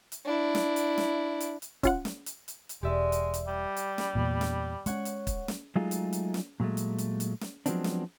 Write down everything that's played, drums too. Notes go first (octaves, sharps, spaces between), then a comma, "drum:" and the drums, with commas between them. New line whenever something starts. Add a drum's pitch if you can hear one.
drum: hi-hat
D4 E4
drum: snare
drum: hi-hat
drum: snare
drum: hi-hat
drum: hi-hat
C#4 F4 F#5, drum: kick, hi-hat
drum: snare
drum: hi-hat
drum: hi-hat
drum: hi-hat
E1 G#3 G4 D5 E5
drum: hi-hat
drum: hi-hat
G3
drum: hi-hat
drum: snare
E2 A#2
drum: snare
G#3 C#4 C#5 F#5 C#6, drum: hi-hat
drum: hi-hat
drum: kick, hi-hat
drum: snare
F#3 G#3 A3 D#4 F4 G#4
drum: hi-hat
drum: hi-hat
drum: snare
A#2 F#3 G#3 A3
drum: hi-hat
drum: hi-hat
drum: hi-hat
drum: snare
F3 F#3 G#3 B3 C4 D4, drum: hi-hat
drum: snare